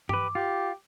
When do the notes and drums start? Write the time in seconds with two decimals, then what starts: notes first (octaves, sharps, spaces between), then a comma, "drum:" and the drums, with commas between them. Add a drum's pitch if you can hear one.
0.09 G4 B4 D6, drum: tom G2
0.35 F4 G4